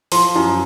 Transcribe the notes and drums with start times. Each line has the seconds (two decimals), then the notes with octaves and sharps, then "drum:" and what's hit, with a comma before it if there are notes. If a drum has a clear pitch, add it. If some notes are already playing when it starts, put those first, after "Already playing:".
0.12 F3 C6, drum: open hi-hat
0.36 F#2